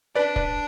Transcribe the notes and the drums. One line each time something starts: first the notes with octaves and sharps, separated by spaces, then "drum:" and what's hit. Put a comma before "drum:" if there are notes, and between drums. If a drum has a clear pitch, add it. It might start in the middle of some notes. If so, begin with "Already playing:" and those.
D4 B4 D5
B4 D5, drum: kick